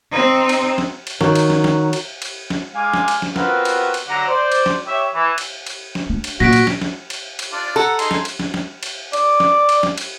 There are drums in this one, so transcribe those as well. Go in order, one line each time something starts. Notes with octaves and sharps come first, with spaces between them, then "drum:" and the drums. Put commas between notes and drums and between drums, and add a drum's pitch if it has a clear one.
C4 D#4
drum: cymbal
drum: snare
drum: cymbal
D#3 F#3, drum: snare
drum: cymbal
drum: snare
drum: snare
drum: cymbal
drum: cymbal
drum: snare
G#3 F5 G#5 D6
drum: snare
drum: cymbal
drum: snare
B3 C4 F4 F#4 A#4 B4, drum: snare
drum: cymbal
drum: cymbal
D3 F#3 D4 F#4 F#5 A#5
C5 D5
drum: cymbal
drum: snare
G4 C#5 E5
E3
drum: cymbal
drum: cymbal
drum: snare
D4
drum: cymbal
A#2 F#3 F#4 A#6 B6 D7, drum: snare
drum: cymbal
drum: snare
drum: snare
drum: cymbal
drum: cymbal
D4 F4 D5
A4 F#5 A#5
D#4 G#4 C6, drum: cymbal
drum: snare
drum: cymbal
drum: snare
drum: snare
drum: cymbal
D5, drum: cymbal
drum: snare
drum: cymbal
drum: snare
drum: cymbal